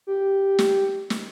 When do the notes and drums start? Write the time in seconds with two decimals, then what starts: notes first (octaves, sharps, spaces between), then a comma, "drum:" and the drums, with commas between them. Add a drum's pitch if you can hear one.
0.07 G4
0.59 drum: snare
1.10 drum: snare